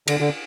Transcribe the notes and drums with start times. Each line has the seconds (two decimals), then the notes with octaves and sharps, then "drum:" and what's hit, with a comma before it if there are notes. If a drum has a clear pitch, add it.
0.08 D3, drum: cymbal
0.20 D3